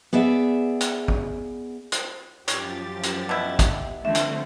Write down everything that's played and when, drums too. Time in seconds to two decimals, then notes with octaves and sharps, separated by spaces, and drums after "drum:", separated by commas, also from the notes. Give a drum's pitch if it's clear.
0.13 B3 G#4 D5 E5
0.81 drum: hi-hat
1.08 drum: kick
1.92 drum: hi-hat
2.48 F#2 F3 G4 C#5 A6, drum: hi-hat
3.03 drum: hi-hat
3.29 B2 E4
3.59 drum: kick, hi-hat
4.05 D3 F3 A3 C4 E5
4.15 drum: hi-hat